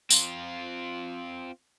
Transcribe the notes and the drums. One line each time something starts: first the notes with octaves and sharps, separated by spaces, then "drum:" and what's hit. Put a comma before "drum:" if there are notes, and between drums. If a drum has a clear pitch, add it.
C4 F4, drum: tambourine